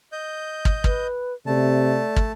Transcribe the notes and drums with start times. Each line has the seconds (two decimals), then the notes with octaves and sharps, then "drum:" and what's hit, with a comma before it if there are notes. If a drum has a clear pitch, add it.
0.12 D#5 G6
0.65 drum: kick
0.84 B4, drum: kick
1.46 C3 A3 D5 A5
2.16 drum: kick